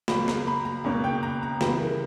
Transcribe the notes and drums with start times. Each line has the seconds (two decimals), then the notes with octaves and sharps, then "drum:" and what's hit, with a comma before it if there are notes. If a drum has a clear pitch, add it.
0.08 C#2 C#3 F#3 A#3 B5, drum: snare
0.28 A#5, drum: snare
0.47 B5
0.65 A#5
0.84 C#2 B2 A#3 C#4
1.04 G5
1.23 A#5
1.43 A#5
1.61 C#2 C#3 E3 G3 B4, drum: snare
1.80 A#4